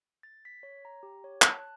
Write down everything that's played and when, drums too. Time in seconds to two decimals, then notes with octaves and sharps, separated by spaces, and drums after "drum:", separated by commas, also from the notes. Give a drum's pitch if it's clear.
0.23 A6
0.45 B6
0.63 C#5
0.85 A#5
1.03 G4
1.24 C#5
1.42 A5, drum: clap
1.57 F#6